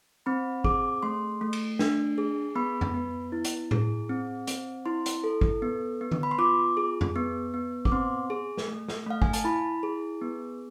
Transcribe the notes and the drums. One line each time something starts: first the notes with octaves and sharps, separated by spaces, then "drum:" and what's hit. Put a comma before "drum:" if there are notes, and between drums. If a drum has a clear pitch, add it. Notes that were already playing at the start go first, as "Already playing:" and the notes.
C4 B5
G#4 D6, drum: kick
A3 C6
A3
drum: cymbal
D4, drum: snare
G#4
B3 B5
drum: tom F2
B3
E4
drum: hi-hat
G#4, drum: tom A2
C4
C4, drum: hi-hat
E4 C6
drum: hi-hat
A4
drum: kick
B3
B3
drum: tom D3
B5
C6
F4 D6
G#4
drum: tom F2
B3
B3
D6, drum: kick
C4 C6
G#4
drum: snare
A3
drum: snare
A3 F5
G#5, drum: kick
A5, drum: hi-hat
E4 B5
G#4
B3